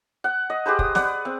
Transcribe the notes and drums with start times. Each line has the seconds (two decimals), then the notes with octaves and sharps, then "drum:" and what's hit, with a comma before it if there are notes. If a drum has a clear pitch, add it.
0.24 F#5
0.50 D#5
0.66 G4 G#4 B4 C5
0.79 D#6, drum: kick
0.95 B4 D5 F#5, drum: snare
1.25 C4